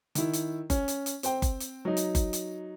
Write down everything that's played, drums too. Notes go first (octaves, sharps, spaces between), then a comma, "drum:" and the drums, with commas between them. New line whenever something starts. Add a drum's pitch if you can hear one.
D#3 E4, drum: hi-hat
drum: hi-hat
C#4, drum: kick F#1, hi-hat
drum: hi-hat
drum: hi-hat
C4 C5 G5, drum: hi-hat
drum: kick F#1, hi-hat
drum: hi-hat
F#3 D#4
drum: hi-hat
drum: kick F#1, hi-hat
drum: hi-hat